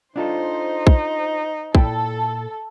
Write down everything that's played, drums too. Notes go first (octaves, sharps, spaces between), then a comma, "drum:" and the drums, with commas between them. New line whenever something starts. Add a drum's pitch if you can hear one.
D4 D#4 F4 A4 C5
drum: kick
A#2 E4 A4 G5, drum: kick